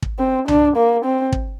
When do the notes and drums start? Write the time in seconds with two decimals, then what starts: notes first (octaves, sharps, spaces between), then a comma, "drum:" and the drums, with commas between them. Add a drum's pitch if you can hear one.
0.02 drum: kick
0.19 C4
0.48 D4, drum: tom C2
0.77 A#3
1.05 C4
1.32 drum: kick